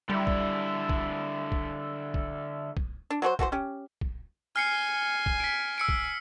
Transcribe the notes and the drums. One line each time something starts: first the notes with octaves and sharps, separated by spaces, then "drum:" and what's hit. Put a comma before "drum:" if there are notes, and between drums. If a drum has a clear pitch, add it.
D3 G3 E4
drum: kick
drum: kick
drum: kick
drum: kick
drum: kick
D4
F#3 A3 F#4 C5
E3 F#4 A4 C5, drum: kick
C#4 G4
drum: kick
G#5 F6 C7 C#7
drum: kick
B6 D7
E6 C#7 D7
drum: kick